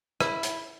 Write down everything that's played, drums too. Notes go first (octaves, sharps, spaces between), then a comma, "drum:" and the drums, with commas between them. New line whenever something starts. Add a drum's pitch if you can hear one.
E4, drum: rim click
drum: hi-hat